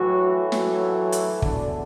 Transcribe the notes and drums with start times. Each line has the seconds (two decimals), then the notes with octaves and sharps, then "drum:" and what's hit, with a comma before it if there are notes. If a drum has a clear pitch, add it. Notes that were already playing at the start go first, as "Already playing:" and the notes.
Already playing: A2 E3 F#3 A3 F#4
0.52 F#3 F#4, drum: snare
1.12 drum: hi-hat
1.42 E2 D3 A3 D4, drum: kick